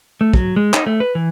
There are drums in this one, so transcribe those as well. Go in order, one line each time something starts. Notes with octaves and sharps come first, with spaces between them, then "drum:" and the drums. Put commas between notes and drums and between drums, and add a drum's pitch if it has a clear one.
A3
F#3, drum: kick
G#3
D#4, drum: clap
A3
B4
E3